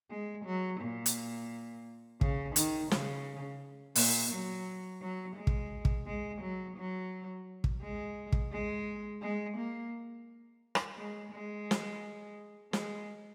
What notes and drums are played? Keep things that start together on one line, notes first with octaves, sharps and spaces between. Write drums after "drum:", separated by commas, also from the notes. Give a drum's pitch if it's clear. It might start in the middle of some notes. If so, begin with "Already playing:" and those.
G#3
F#3
A#2
drum: hi-hat
C#3, drum: kick
D#3, drum: hi-hat
C#3, drum: snare
A#2, drum: open hi-hat
F#3
F#3
G#3
drum: kick
drum: kick
G#3
F#3
F#3
drum: kick
G#3
drum: kick
G#3
G#3
A#3
drum: rim click
G#3
G#3
drum: snare
G#3, drum: snare